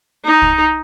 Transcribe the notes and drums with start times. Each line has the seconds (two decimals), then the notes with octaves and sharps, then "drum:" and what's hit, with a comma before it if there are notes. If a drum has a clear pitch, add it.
0.25 D#4
0.42 drum: kick C2